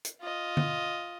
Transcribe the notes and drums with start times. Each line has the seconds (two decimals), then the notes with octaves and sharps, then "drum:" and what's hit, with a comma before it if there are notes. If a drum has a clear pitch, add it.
0.05 drum: hi-hat
0.21 F4 D#5
0.57 drum: tom D3